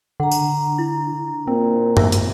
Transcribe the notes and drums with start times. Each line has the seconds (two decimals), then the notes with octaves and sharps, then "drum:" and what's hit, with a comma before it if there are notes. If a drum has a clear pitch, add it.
0.20 D3 D4 F#5 A#5
0.31 drum: tambourine
0.78 E4
1.47 A#2 C4
1.97 A#4 E5, drum: tom F#2
2.12 drum: hi-hat